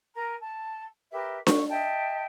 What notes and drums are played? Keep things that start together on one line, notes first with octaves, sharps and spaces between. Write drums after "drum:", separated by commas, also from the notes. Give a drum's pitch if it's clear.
A#4 G#5 A#5
A5
G4 A#4 B4 E5
C#6, drum: snare D4
D#5 E5 G5 A5